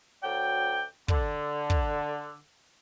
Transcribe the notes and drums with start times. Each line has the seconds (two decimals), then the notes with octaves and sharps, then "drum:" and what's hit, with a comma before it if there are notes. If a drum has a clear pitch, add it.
0.22 D2 F#3 D5 G5
1.08 D3, drum: kick
1.70 drum: kick